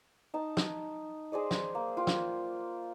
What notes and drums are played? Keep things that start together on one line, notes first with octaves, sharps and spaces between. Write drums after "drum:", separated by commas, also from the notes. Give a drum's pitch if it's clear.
D#4 A5
drum: snare
G#4 C5 D5 D#5
drum: snare
A#3
F4 G5
drum: snare